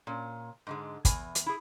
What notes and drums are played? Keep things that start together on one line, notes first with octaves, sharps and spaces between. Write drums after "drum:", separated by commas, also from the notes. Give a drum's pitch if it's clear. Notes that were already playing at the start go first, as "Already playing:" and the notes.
A#2 C#4
G#2 D3 G#3
E2 G#5, drum: kick, hi-hat
drum: hi-hat
E4 G#4